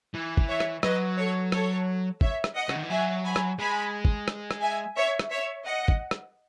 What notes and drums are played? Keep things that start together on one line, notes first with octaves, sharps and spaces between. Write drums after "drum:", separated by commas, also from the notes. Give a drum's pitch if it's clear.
E3
drum: kick
C#5 E5
drum: rim click
F#3 B4 D#5, drum: rim click
A4 C#5
A4 C#5, drum: rim click
C#5 E5, drum: kick
drum: rim click
D#5 F#5
C#3, drum: rim click
D#3
E3
F#3 E5 G#5
G#5 B5
drum: rim click
G#3 G#5 B5
drum: kick
drum: rim click
drum: rim click
E5 G#5
C#5 E5
drum: rim click
C#5 E5
D#5 F#5
drum: kick
drum: rim click